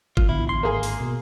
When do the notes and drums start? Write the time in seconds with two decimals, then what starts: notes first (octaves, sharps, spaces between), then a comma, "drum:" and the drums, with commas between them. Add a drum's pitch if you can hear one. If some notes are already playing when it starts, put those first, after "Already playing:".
0.17 F4, drum: kick
0.29 A1 D3 B3 E4
0.49 C6
0.63 G#1 A#3 G#4
0.83 drum: open hi-hat
1.00 B2